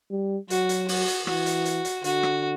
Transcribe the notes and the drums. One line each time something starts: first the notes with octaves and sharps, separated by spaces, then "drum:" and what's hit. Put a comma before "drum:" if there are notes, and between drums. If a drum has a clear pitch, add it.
G3
F#3 F#4, drum: hi-hat
drum: hi-hat
F#4, drum: open hi-hat
drum: hi-hat
E3 F#4, drum: rim click
drum: hi-hat
drum: hi-hat
drum: hi-hat
D3 F#4, drum: hi-hat
drum: rim click